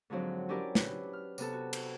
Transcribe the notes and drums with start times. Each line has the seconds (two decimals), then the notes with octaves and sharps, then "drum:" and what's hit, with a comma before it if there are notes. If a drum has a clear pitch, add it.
0.10 G#2 D3 F3 F#3 C4
0.49 C#4 D4 E4 G4 A#4 D5
0.75 B4, drum: snare
1.13 F6
1.38 C3 B3 A4, drum: tambourine
1.52 F#4
1.73 drum: cymbal